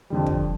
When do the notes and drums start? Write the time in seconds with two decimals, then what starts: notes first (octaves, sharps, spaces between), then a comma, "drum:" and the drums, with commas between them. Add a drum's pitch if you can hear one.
0.10 F2 D3 G3
0.27 drum: kick